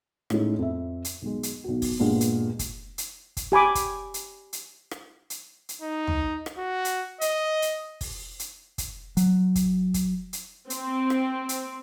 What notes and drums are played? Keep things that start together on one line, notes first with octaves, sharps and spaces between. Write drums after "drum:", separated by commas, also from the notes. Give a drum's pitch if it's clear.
A2 G#3 C#4 D#4 E4, drum: rim click
F2 E5
drum: hi-hat
B1 G#3
drum: hi-hat
B1 F#4
drum: kick, open hi-hat
G2 A#2 G#3 B3 G4 G#4
drum: hi-hat
drum: kick, hi-hat
drum: hi-hat
drum: kick, hi-hat
G4 G#5 B5 D6
drum: kick, hi-hat
drum: hi-hat
drum: hi-hat
drum: rim click
drum: hi-hat
drum: hi-hat
D#4
drum: tom
drum: rim click
F#4
drum: hi-hat
D#5, drum: hi-hat
drum: hi-hat
drum: kick, open hi-hat
drum: hi-hat
drum: kick, hi-hat
F#3, drum: hi-hat
drum: kick, hi-hat
drum: kick, hi-hat
drum: hi-hat
C4, drum: hi-hat
drum: rim click
drum: hi-hat